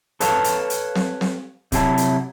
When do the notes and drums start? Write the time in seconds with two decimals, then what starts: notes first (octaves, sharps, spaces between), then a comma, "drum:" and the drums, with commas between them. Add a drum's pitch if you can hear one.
0.20 A4 B4 C#5 F5 A5, drum: hi-hat
0.44 drum: hi-hat
0.70 drum: hi-hat
0.95 drum: snare C4
1.21 drum: snare C4
1.72 C3 F#3 E4 A#4 A5, drum: kick, hi-hat
1.97 drum: hi-hat